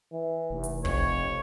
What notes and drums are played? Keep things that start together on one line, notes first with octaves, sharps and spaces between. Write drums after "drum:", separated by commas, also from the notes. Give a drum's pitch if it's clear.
E3
F1
drum: hi-hat
F2 C#5, drum: kick